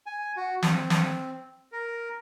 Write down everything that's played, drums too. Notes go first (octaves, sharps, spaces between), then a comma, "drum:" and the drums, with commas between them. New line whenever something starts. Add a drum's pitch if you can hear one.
G#5
F#4
C4, drum: snare
drum: snare
A#4